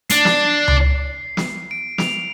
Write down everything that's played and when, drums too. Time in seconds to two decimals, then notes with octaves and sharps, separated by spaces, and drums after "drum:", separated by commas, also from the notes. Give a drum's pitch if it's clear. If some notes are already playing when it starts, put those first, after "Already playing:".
0.10 D4 C7, drum: hi-hat
0.25 drum: snare
0.68 drum: tom C#2
1.37 drum: snare
1.71 D7
1.98 F7, drum: snare